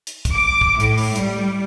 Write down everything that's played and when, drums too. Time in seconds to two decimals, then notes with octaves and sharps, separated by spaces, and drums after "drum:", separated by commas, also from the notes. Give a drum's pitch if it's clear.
0.07 drum: hi-hat
0.25 drum: kick, hi-hat
0.35 D6
0.61 drum: kick
0.80 A2, drum: hi-hat
0.98 drum: open hi-hat
1.16 G3, drum: hi-hat